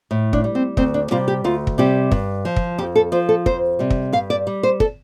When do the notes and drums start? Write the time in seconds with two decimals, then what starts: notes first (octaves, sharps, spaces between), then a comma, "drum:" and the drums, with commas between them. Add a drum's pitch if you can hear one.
0.11 A2
0.33 D4, drum: kick
0.44 G3
0.55 C4
0.77 D2 C4, drum: kick
0.94 D4
1.11 C3 G3 F4
1.28 G4
1.44 D2 F4
1.67 drum: kick
1.78 C3 G3 G4
2.12 G2, drum: kick
2.45 F3
2.56 drum: kick
2.78 F2 G4
2.95 A4
3.12 F3 C5
3.29 A4
3.46 F2 C5, drum: kick
3.79 C3 G3
3.90 drum: kick
4.13 G2 F5
4.30 D5
4.47 G3
4.63 C5
4.80 A4, drum: kick